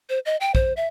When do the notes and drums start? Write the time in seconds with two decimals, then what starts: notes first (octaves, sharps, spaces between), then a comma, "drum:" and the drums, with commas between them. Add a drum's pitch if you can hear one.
0.09 C5
0.26 D#5
0.41 G5
0.55 C5, drum: kick
0.77 E5